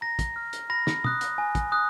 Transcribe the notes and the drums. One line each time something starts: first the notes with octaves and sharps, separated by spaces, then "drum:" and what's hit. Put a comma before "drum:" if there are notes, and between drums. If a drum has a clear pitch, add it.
A#5 A#6
drum: kick, hi-hat
F6
drum: hi-hat
B5 A#6
drum: snare
D#6 F#6, drum: tom
drum: hi-hat
G#5
drum: kick, hi-hat
D#6 F#6